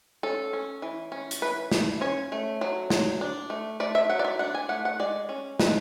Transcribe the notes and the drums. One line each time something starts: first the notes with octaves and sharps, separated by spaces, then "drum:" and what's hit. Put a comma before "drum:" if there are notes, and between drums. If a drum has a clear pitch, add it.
C#4 A4
C#4
E3
C#4
drum: hi-hat
E3 B4
E3, drum: snare
C#4 C#5
A3
F#3
F#3, drum: snare
D4
A3
A3 D5
E5
F#3 F#5
D5
E5
D4 F#5
G#5
A3 F#5
F#5
G#3 D5
C#4
G#3 B4, drum: snare